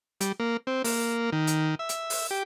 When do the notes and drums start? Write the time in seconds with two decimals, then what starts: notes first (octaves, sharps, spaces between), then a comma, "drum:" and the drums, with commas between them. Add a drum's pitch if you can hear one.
0.21 G3, drum: hi-hat
0.40 A#3
0.67 C4
0.84 A#3, drum: open hi-hat
1.32 D#3
1.47 drum: hi-hat
1.79 E5
1.89 drum: hi-hat
2.10 drum: open hi-hat
2.31 G4